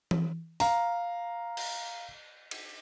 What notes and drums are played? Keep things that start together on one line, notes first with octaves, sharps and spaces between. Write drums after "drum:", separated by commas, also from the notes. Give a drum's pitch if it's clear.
drum: tom E3
F5 A#5, drum: open hi-hat
drum: cymbal
drum: cymbal